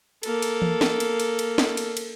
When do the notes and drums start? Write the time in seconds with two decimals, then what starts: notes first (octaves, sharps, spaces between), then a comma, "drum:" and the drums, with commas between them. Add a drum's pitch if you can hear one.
0.23 A#3 A4, drum: cymbal
0.42 drum: cymbal
0.62 drum: tom E3
0.81 drum: snare
1.00 drum: cymbal
1.20 drum: cymbal
1.39 drum: cymbal
1.58 drum: snare
1.77 drum: cymbal
1.97 drum: cymbal